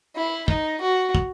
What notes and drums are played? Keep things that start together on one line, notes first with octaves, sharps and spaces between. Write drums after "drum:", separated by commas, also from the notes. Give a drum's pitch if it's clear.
E4
D#4, drum: kick
F#4
drum: kick